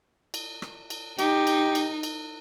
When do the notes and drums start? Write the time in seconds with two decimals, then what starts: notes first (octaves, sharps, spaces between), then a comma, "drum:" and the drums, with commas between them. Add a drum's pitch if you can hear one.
0.34 drum: cymbal
0.62 drum: rim click
0.90 drum: cymbal
1.19 D#4 G4, drum: cymbal
1.47 drum: cymbal
1.75 drum: cymbal
2.03 drum: cymbal